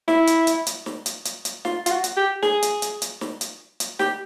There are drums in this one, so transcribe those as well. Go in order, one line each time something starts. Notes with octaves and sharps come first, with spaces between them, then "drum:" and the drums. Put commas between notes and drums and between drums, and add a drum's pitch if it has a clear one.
E4, drum: snare
drum: hi-hat
drum: hi-hat
drum: hi-hat
drum: snare
drum: hi-hat
drum: hi-hat
drum: hi-hat
F4, drum: snare
F4, drum: hi-hat
F#4
drum: hi-hat
G4
G#4, drum: snare
drum: hi-hat
drum: hi-hat
drum: hi-hat
drum: snare
drum: hi-hat
drum: hi-hat
G4, drum: snare